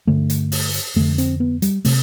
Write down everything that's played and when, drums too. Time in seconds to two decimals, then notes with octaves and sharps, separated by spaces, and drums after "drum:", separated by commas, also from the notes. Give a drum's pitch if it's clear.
0.07 G2 D3 A3
0.30 drum: hi-hat
0.52 drum: open hi-hat
0.74 drum: hi-hat
0.96 F2 D3 A3
1.18 C4, drum: hi-hat
1.40 B3
1.62 G3, drum: hi-hat
1.85 C3 A3, drum: open hi-hat